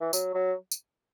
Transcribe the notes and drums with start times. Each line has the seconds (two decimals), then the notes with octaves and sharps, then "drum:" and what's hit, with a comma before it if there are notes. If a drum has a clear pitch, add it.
0.01 E3
0.13 F#3, drum: tambourine
0.34 F#3
0.71 drum: tambourine